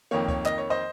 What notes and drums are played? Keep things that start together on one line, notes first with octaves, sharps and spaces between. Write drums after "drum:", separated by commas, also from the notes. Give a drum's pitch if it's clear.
F2 D#3 A#3 C#5
C#5, drum: kick C#2
D#5, drum: clap
C#5
C5 D#5